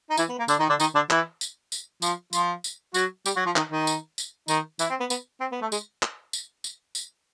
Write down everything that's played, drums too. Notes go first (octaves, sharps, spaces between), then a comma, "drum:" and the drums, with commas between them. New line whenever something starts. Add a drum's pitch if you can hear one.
D#4
E3 E4, drum: tambourine
B3
A#3
D3 D4, drum: tambourine
D#3 D#4
D3 D4
D#3 D#4, drum: tambourine
D3 D4
E3 E4, drum: clap
drum: tambourine
drum: tambourine
F3 F4, drum: tambourine
F3 F4, drum: tambourine
drum: tambourine
F#3 F#4, drum: tambourine
G3 G4, drum: tambourine
F#3 F#4
F3 F4
D#3 D#4, drum: clap
D#3 D#4
drum: tambourine
drum: tambourine
D#3 D#4, drum: tambourine
E3 E4, drum: tambourine
C4
B3
B3, drum: tambourine
C4
B3
A3
G#3, drum: tambourine
drum: clap
drum: tambourine
drum: tambourine
drum: tambourine